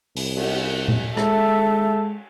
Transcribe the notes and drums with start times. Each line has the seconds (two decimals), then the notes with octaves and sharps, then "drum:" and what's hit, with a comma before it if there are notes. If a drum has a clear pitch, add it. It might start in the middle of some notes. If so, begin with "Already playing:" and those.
0.16 C2, drum: open hi-hat
0.36 drum: cymbal
0.88 drum: tom A#2
1.17 G#3 A4 E5, drum: rim click